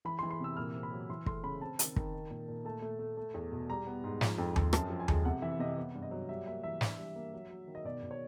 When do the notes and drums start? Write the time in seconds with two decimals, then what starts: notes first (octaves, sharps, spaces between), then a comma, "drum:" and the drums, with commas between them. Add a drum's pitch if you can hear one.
0.05 E3 B5
0.19 C6
0.23 E3
0.31 C6
0.40 C3 E6
0.57 A#2 F6
0.74 C4
0.83 B5
0.92 F#3
1.10 E3 C6
1.26 A3 C6, drum: kick
1.43 C#3 B5
1.61 C4 A5
1.79 D#3, drum: hi-hat
1.96 D#3, drum: kick
2.14 D#4
2.30 A#2
2.48 A#2
2.65 A3 A5
2.82 A3
2.99 A3
3.17 A3
3.34 E2
3.52 B2
3.70 G3 A#5
3.87 B3
4.04 G#2
4.21 F3, drum: snare
4.38 F2
4.56 F2, drum: tom D#2
4.73 F#2 A5, drum: rim click
4.90 F3
5.00 G#5
5.08 G#3, drum: tom D#2
5.25 C3 F#5
5.42 E3 E5
5.59 C3 D#5
5.78 B3
5.95 G2
6.03 D#5
6.11 F#3
6.29 G3 E5
6.47 A#3 E5
6.63 E3 E5
6.81 D4, drum: snare
6.98 G3
7.16 A#3
7.33 F#3
7.50 F#3
7.68 D#3
7.75 D#5
7.84 B2 D5
8.03 B2
8.11 C#5